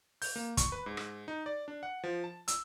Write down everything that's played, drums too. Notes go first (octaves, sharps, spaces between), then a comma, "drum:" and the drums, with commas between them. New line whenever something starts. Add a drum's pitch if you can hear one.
G6, drum: open hi-hat
A#3
C#6, drum: kick, hi-hat
B4
G#2
drum: rim click
D#4
D5
D4
F#5
F3
A5
E6, drum: hi-hat